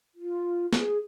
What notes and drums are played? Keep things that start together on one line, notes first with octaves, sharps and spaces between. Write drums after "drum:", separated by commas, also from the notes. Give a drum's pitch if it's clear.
F4
G#4, drum: snare